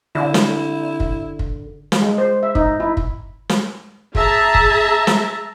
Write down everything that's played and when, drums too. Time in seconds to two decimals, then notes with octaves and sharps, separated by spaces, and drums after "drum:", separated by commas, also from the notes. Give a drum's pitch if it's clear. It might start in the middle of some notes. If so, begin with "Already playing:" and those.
0.15 D3 E4
0.34 drum: snare
1.00 drum: kick
1.39 drum: kick
1.92 drum: snare
2.02 G#3
2.18 C5
2.43 E5
2.55 D#4, drum: kick
2.80 E4
2.97 drum: kick
3.49 drum: snare
4.15 G#4 E5 A5 A#5, drum: kick
4.55 drum: kick
5.07 drum: snare